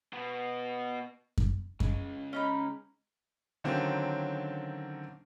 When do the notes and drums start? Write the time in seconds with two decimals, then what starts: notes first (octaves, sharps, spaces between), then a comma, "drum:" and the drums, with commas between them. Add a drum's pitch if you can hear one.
0.13 B2 B3
1.38 drum: kick F#2
1.80 C#3 G#3, drum: kick F#2
2.33 C#4 D#4 B5
3.64 D3 D#3 F#3 A#3 C4 C#4